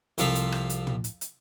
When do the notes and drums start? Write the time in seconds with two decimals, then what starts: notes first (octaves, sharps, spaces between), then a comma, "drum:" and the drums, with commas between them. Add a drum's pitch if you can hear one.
0.18 C2 C3 F3 A4 F5 B5, drum: hi-hat
0.35 drum: hi-hat
0.52 drum: rim click
0.70 drum: hi-hat
0.87 drum: tom
1.04 drum: hi-hat
1.21 drum: hi-hat